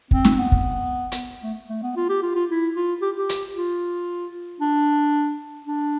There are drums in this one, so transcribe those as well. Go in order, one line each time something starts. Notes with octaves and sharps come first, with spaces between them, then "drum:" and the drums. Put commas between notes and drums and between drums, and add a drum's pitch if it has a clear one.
C4, drum: kick
drum: snare
B3
drum: kick
drum: hi-hat
A3
A3
B3
F4
G4
F4
F4
E4
F4
G4
G4
drum: hi-hat
F4
D4
D4